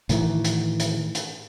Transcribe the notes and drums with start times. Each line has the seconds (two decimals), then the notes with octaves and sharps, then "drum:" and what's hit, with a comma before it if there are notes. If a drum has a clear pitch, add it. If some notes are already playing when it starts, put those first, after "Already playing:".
0.09 A2 D#3 E3, drum: hi-hat
0.45 drum: hi-hat
0.80 drum: hi-hat
1.15 drum: hi-hat